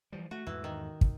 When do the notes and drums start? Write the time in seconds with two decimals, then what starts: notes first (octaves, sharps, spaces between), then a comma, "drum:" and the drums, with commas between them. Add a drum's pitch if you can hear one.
0.12 E3 F3 G3
0.31 A3 F#4
0.47 E2 G#2 E3
0.64 D#3
1.01 drum: kick